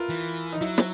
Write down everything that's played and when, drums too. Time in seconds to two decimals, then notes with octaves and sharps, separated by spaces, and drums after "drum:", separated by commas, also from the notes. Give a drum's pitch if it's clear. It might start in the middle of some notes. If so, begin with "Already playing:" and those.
Already playing: F4 A#4 B4 E5
0.09 E3
0.53 D#4
0.61 F#3 E4
0.78 drum: snare